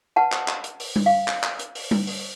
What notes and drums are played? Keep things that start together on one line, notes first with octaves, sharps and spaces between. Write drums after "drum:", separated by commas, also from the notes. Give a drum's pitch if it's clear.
B4 F#5 A5
drum: clap
drum: clap
drum: hi-hat
drum: open hi-hat
drum: tom G3
F5
drum: clap
drum: clap
drum: hi-hat
drum: open hi-hat
drum: tom G3
drum: open hi-hat